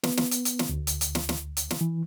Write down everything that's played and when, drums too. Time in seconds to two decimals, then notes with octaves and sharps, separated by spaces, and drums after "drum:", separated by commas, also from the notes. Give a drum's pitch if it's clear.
0.03 B3, drum: snare
0.17 drum: snare
0.31 drum: hi-hat
0.45 drum: hi-hat
0.59 drum: snare
0.69 D2
0.87 drum: hi-hat
1.01 drum: hi-hat
1.15 drum: snare
1.29 drum: snare
1.57 drum: hi-hat
1.71 drum: snare
1.81 E3